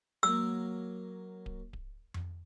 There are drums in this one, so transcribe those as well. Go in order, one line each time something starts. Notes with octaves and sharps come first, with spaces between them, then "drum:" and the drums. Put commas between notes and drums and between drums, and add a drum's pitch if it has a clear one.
F#3 A#3 E6
drum: kick D1
drum: kick D1
drum: tom F2